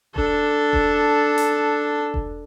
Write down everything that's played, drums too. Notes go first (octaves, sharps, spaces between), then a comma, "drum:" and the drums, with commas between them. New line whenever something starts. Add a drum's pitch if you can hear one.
D4 A4, drum: kick E1
drum: kick E1
drum: hi-hat
drum: kick E1